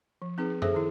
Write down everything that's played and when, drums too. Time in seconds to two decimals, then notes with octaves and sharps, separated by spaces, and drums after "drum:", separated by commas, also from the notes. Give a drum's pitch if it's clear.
0.22 F3
0.38 C4 D#4 G#4 B4
0.62 G#4 A4 C5 E5, drum: tom F#2
0.74 D#3 E4